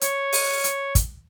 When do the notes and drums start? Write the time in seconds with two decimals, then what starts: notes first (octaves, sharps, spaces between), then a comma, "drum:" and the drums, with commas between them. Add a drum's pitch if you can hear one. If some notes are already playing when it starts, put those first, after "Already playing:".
0.01 C#5, drum: hi-hat
0.33 drum: open hi-hat
0.64 drum: hi-hat
0.95 drum: kick, hi-hat